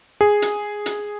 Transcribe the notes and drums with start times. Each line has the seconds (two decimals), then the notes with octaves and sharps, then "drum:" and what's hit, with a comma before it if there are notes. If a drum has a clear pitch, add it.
0.21 G#4
0.42 drum: hi-hat
0.86 drum: hi-hat